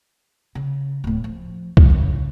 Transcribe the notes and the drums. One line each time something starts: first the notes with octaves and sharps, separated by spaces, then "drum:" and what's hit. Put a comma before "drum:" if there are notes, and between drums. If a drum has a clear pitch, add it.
C#3
D1 A2
F3
G1, drum: kick C2
C#3